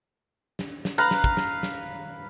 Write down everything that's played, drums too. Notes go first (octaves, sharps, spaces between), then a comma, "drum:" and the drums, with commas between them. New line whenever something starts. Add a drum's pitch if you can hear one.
drum: snare
drum: snare
B4 F5 A#5
drum: snare
drum: kick
drum: snare
drum: snare